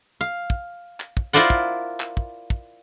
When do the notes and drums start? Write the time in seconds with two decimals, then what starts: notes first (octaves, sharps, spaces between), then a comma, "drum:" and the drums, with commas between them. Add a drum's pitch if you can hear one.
0.21 F5
0.50 drum: kick
1.00 drum: clap
1.17 drum: kick
1.33 E4 F4 A#4 C5 D5 F#5
1.50 drum: kick
2.00 drum: clap
2.17 drum: kick
2.50 drum: kick